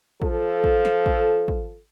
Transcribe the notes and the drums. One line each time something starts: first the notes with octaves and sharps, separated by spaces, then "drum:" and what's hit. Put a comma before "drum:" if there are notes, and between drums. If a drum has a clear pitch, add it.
F3 F4 A4, drum: kick
drum: kick
drum: snare
drum: kick
drum: kick